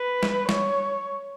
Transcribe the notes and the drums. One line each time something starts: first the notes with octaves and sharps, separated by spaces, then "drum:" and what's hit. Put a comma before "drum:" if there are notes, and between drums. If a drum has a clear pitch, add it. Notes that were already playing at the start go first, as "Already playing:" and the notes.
Already playing: B4
drum: snare
C#5, drum: snare